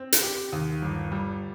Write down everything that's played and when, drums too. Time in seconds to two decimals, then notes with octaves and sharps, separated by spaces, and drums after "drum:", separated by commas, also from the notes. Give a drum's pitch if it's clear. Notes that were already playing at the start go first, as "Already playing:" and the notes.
Already playing: C4
0.12 drum: hi-hat
0.23 G4
0.52 D#2
0.82 G1
1.12 G3